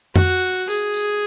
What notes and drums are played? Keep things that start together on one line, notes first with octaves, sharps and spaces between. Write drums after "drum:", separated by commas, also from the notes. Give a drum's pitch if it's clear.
F#4, drum: tom F2
G#4, drum: tambourine
drum: tambourine